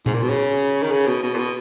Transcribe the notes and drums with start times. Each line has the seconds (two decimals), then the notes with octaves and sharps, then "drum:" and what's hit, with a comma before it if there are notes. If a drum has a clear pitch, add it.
0.06 G#2, drum: tom A#2
0.14 A#2
0.22 B2
0.29 C#3
0.83 D#3
0.92 C#3
1.07 B2
1.23 B2
1.34 A#2
1.38 B2